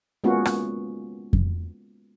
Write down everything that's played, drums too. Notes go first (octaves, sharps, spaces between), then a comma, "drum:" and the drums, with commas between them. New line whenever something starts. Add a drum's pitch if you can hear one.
G#3 A#3 B3 C#4 F4 F#4
drum: rim click
drum: kick F2